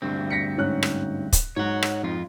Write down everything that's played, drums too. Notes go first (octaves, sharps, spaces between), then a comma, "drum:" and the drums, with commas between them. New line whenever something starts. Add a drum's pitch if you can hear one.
D2 G2 C4
A#6 B6 C#7
G#2 C#4 F#6
drum: rim click
drum: kick, hi-hat
G#2 C#5 F#5
drum: rim click
F2 F4